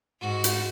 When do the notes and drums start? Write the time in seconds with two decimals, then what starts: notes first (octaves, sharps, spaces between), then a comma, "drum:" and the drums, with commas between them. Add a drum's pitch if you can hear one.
0.21 G#2 F#4
0.44 drum: hi-hat